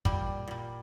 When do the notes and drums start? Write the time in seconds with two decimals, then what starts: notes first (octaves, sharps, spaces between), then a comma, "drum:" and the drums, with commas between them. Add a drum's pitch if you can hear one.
0.05 A#2 G3, drum: kick
0.48 A#2 G3